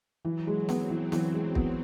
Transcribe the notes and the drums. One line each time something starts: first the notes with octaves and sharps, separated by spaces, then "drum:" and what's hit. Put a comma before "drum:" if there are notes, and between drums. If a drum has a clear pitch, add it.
E3 F#3
G#3
B3 C4, drum: snare B3
E3
E3, drum: snare B3
G#3
B3, drum: kick